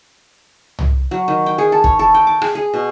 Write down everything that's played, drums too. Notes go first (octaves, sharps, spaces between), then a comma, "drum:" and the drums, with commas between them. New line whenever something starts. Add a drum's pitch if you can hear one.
drum: tom C2
F#3
D#3
G5
G#4
A4
C#5, drum: kick
A4
G5
D6
G#4, drum: rim click
G#4
B2